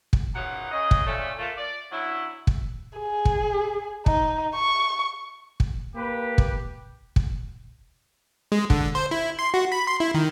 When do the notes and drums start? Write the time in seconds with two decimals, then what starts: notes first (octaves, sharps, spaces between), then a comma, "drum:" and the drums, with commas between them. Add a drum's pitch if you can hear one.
0.13 drum: kick
0.35 F#2 A#2 C#3 D#4 B4 F#5
0.71 C#3 D#5
0.91 drum: kick
1.07 A#2 A3 C#4 A4 D5 E5
1.39 A3 A#3 F4
1.57 D5
1.92 D3 F#3 C#4 E4
2.47 drum: kick
2.99 G#4
3.25 drum: kick
4.06 D#4, drum: kick
4.55 C#6
5.60 drum: kick
5.95 A#3 G4 B4
6.38 drum: kick
7.16 drum: kick
8.52 G#3
8.70 D3, drum: kick
8.95 C5
9.11 E4
9.39 C6
9.54 F#4
9.72 B5
9.87 C6
10.00 E4
10.14 D#3